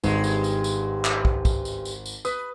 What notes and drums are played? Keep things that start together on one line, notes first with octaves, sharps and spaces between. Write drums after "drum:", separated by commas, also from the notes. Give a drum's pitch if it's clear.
G#1 G2 G#3, drum: tambourine
drum: tambourine
drum: tambourine
drum: tambourine
drum: clap
drum: kick
drum: kick, tambourine
drum: tambourine
drum: tambourine
drum: tambourine
B4 D#6, drum: tambourine